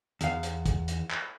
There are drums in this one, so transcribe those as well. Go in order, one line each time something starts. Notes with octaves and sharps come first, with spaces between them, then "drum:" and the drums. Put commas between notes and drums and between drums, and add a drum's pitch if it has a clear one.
E2 F5, drum: hi-hat
drum: hi-hat
drum: kick, hi-hat
drum: hi-hat
drum: clap